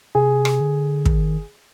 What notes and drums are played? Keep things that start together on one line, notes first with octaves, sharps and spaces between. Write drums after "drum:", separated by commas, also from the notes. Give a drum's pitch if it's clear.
C3 G#4
drum: rim click
D3
D#3, drum: kick